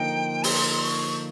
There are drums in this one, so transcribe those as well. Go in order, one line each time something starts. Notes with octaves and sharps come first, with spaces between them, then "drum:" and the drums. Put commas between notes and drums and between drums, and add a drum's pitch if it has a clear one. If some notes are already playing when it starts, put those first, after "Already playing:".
Already playing: D3 F3 A#3 D#4 G5
C6, drum: open hi-hat
C#6